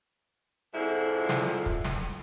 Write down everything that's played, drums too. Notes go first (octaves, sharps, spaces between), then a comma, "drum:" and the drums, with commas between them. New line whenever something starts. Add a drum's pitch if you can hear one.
F2 G#2 D3 F3 E4
drum: snare
drum: kick
drum: snare